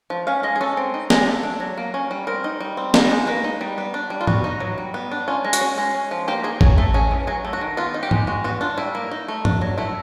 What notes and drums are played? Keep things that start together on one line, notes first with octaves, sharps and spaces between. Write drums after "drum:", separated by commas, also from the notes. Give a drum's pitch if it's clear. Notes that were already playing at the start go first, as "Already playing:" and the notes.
F3
C#4 F5
G#3 D#5
G#4
C#4 A4
C4
D#4
G#3, drum: snare
A3 A4
D4
F#3
A#3
C#4
G3
C4 A#4
D#4
G3
C4
D#4, drum: snare
G#3
A#3 B4
D#4
G3
B3
D4
G3
F4
B3 F#4, drum: tom G#2
D#4
F#3
G3
B3
D4
C#4 F4
G#3
F#4, drum: hi-hat
C#4
G#3
C#4
F3
A#3 G4
D#4 G#4
F#3 G#4, drum: kick
A3 A4
C#4 G#4
E3
F#3 G#4
A3
F#4
D#3
B3 F4
D#4
G4
G#3, drum: tom G#2
G#3 F#4
B3 F#4
D4 F4
G3 E4
A#3
D#4
A3
D4, drum: tom G2
F#3
A3 E4